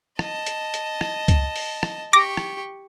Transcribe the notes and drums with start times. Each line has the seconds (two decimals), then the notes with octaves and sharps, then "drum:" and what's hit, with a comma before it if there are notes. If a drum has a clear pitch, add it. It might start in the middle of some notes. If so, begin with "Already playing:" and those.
0.19 D#5 A5, drum: rim click
0.46 drum: hi-hat
0.74 drum: hi-hat
1.01 drum: rim click
1.28 drum: kick C#2, hi-hat
1.56 drum: open hi-hat
1.83 drum: rim click
2.13 G4 C#6 D6 A#6
2.37 drum: rim click